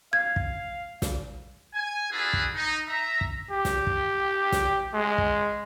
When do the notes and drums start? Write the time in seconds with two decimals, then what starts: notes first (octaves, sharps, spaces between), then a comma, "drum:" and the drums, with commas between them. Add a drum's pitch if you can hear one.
0.13 F5 G#6
0.36 drum: kick
1.02 drum: snare
1.75 G#5
2.11 D4 F4 F#4 G#4 A4 B4
2.33 drum: kick
2.54 D#4
2.88 E5 A#5
3.21 drum: kick
3.51 G4
3.65 drum: snare
3.87 drum: kick
4.52 drum: snare
4.94 G#3
5.18 drum: kick